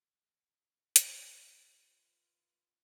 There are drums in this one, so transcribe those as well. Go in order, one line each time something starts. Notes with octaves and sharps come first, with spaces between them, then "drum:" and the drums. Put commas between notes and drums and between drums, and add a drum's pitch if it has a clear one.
G#3 F4, drum: hi-hat
F4 B4